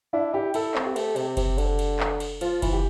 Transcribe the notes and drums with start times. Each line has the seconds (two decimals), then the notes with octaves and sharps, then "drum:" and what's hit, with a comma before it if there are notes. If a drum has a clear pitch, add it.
0.13 D4 E4
0.34 E4 G4
0.54 E4 A4, drum: cymbal
0.75 C4, drum: clap
0.86 G4
0.96 A3, drum: cymbal
1.16 C3, drum: cymbal
1.37 C3, drum: kick F#1, cymbal
1.58 D3, drum: cymbal
1.79 drum: cymbal
2.00 drum: clap
2.20 drum: cymbal
2.41 F3 F4, drum: cymbal
2.62 E3, drum: kick F#1, cymbal
2.73 G4